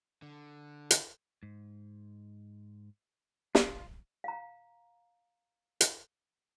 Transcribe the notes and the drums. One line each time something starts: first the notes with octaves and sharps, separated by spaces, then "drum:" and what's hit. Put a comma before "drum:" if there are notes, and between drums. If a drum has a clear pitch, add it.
D3
drum: hi-hat
G#2
F4, drum: snare
F5 A#5
drum: hi-hat